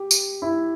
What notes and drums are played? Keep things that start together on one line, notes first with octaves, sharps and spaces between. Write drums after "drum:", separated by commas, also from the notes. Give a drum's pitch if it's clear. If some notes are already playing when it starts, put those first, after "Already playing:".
Already playing: G4
drum: tambourine
E4